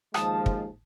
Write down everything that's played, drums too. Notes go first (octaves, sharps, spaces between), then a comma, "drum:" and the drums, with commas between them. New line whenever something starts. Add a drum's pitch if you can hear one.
D#2 F3 G#3 A5 D#6, drum: rim click
drum: kick